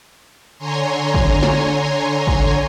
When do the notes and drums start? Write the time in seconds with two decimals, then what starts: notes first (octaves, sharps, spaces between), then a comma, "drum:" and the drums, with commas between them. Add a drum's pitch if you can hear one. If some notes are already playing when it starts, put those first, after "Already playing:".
0.58 D3 C#5 G#5 A#5 C6
1.14 drum: kick
1.43 drum: snare
2.27 drum: kick